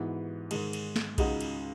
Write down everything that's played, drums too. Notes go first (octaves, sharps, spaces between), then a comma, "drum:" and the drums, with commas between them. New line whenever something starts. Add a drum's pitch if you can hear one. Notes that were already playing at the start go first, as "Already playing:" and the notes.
Already playing: G#2 E3 B3 F#4
G#2 D#3 G#3, drum: cymbal
drum: cymbal
drum: snare
C#2 C#3 G#3 D#4 F#4, drum: kick B1, cymbal
drum: cymbal